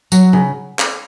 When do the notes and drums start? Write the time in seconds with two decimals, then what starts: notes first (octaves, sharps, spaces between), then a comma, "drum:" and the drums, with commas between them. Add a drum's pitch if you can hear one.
0.12 F#3, drum: tambourine
0.33 C#3
0.79 drum: clap